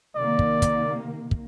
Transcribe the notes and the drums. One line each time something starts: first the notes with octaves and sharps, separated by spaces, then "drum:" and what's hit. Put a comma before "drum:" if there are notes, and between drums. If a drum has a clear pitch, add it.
C3 D#3 A#3 D5
drum: kick
drum: kick, hi-hat
drum: kick